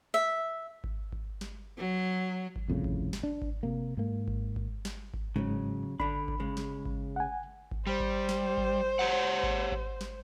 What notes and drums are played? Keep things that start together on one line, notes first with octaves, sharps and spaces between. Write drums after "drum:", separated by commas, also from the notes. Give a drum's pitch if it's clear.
E5
drum: kick G#1
drum: kick G#1
drum: snare
F#3
drum: kick G#1
C2 F2 A2 C#3
drum: kick G#1
drum: snare
D4
drum: kick G#1
C3 A#3
G#2 A#3
drum: kick G#1
drum: kick G#1
drum: snare
drum: kick G#1
G#2 C#3 F#3
D3 D4 B5, drum: kick G#1
drum: kick G#1
C#3 G#3
drum: snare
drum: kick G#1
F#5 G#5
drum: kick G#1
G3 C5
drum: kick G#1
drum: snare
drum: kick G#1
G4 C#5 F#5
drum: kick G#1
drum: kick G#1
drum: snare